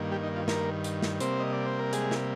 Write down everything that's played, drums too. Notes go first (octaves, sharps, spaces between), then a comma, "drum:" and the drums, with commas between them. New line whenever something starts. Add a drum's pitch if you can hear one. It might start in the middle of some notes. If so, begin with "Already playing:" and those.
Already playing: G2 D#3 A#3
G3 G4
D#4
F4
A#3 A#4, drum: snare
drum: hi-hat
drum: snare
C3 G3 A#3 C4 C5, drum: hi-hat
D#5
D5
C5
A#4
G#3 G#4, drum: hi-hat
drum: snare